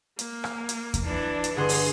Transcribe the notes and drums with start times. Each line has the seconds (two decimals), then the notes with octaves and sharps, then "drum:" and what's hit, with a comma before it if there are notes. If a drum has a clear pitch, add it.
0.19 A#3, drum: hi-hat
0.44 drum: rim click
0.69 drum: hi-hat
0.94 drum: kick E2, hi-hat
1.05 E3 D4
1.44 drum: hi-hat
1.57 G1 G#4 F#5 C6
1.69 drum: open hi-hat